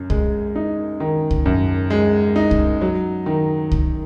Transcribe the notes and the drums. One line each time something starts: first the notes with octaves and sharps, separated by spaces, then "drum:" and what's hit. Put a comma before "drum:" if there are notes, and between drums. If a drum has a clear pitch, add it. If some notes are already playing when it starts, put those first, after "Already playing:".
Already playing: F#2
G#3, drum: kick C2
D#4
D#3
drum: kick C2
F#2
G#3
D#4
drum: kick C2
F#3
D#3
drum: kick C2